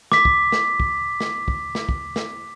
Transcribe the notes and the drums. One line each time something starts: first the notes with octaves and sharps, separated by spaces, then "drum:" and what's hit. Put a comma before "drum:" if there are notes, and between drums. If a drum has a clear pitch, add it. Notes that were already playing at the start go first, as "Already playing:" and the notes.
D6 B6, drum: snare
drum: kick
drum: snare
drum: kick
drum: snare
drum: kick
drum: snare
drum: kick
drum: snare